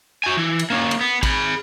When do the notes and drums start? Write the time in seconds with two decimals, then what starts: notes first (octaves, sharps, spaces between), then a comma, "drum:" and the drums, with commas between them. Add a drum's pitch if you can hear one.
0.24 F#4 G#5
0.37 E3
0.59 drum: cymbal
0.70 A#3 C#4
0.91 drum: cymbal
1.01 B3
1.23 G#4 B5, drum: kick A1, cymbal